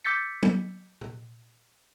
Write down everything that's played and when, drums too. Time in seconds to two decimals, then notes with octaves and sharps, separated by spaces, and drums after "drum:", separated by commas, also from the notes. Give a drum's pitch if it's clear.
0.05 D6 E6 G6 A6 B6 C#7
0.43 drum: tom F#3
1.01 drum: tom A#2